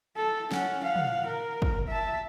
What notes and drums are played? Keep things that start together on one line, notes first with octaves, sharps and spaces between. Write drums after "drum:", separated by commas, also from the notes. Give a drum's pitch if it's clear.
A4
C#4 F#5, drum: snare
F5 F#5
drum: tom
A#4
drum: kick
E5 A5